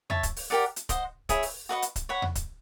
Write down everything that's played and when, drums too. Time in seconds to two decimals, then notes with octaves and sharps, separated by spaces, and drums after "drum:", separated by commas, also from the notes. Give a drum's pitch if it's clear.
0.10 C#5 E5 A5, drum: tom E2
0.23 drum: kick C#1, hi-hat
0.36 drum: open hi-hat
0.50 G4 A#4 D5 F#5
0.76 drum: hi-hat
0.89 C5 D#5 F#5, drum: kick C#1, hi-hat
1.29 E4 G#4 C#5 E5, drum: kick C#1, hi-hat
1.43 drum: open hi-hat
1.69 F#4 B4 D#5 F#5
1.82 drum: hi-hat
1.96 drum: kick C#1, hi-hat
2.09 C#5 F#5 B5
2.22 drum: tom E2
2.35 drum: kick C#1, hi-hat